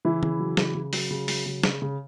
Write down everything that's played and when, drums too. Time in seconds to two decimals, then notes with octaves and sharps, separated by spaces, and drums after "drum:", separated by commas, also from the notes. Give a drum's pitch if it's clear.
0.05 C#3 E3 E4
0.23 C#3, drum: tom
0.40 F#3
0.57 C#3, drum: snare
0.74 C#3
0.93 F#3, drum: open hi-hat
1.10 C#3
1.28 F#3, drum: open hi-hat
1.46 C#3
1.64 C#3, drum: snare
1.82 C#3